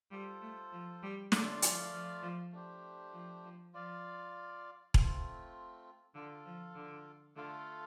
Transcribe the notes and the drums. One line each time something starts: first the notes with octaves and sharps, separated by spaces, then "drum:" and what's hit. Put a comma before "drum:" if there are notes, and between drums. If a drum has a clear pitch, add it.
G3 F4 A4 C5
A3
F3
G3
D3 A3 F4 D5 F5, drum: snare
F3, drum: hi-hat
F3
F3
A3 D4 G4 C5
F3
F3
F3 F4 D5 F5
A3 C4 F4, drum: kick E1
D3 F4 A4 F5
F3
D3
D3 A3 F4 A4 F5